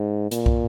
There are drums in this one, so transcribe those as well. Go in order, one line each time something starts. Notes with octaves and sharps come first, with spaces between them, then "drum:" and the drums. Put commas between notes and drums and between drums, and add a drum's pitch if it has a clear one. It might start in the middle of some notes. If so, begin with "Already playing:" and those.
Already playing: G#2
A#2, drum: hi-hat
drum: kick